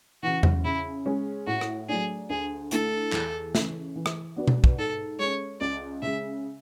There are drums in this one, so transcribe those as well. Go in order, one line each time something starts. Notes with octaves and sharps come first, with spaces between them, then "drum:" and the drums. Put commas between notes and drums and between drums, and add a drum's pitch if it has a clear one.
C#3 E3 F#4
drum: tom E2
C#3 E4
G#3 C#4 G#4
A2 F#4
drum: rim click
F#3 A3 D4 G#4
D2 G#4
D3 A3 E4 A4, drum: hi-hat
E2, drum: clap
C#3 E3, drum: snare
E3
drum: rim click
B3 D4 F#4 B4
drum: tom B2
drum: kick
G#2 A4
G#3 C#4 C#5
C#2 D5
C#3 G#3 E5